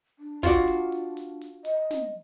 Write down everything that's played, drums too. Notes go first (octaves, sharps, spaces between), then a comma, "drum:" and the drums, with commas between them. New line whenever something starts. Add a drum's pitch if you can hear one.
D4
F4 F#4 D5, drum: kick, hi-hat
drum: hi-hat
drum: open hi-hat
drum: hi-hat
drum: hi-hat
D#5, drum: hi-hat
drum: snare